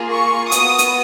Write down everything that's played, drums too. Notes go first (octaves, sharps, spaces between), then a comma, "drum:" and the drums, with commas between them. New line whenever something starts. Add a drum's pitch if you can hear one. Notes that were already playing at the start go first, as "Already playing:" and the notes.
Already playing: A#3 F4 G#4
C#6
B3 F#4 D#6, drum: hi-hat
drum: hi-hat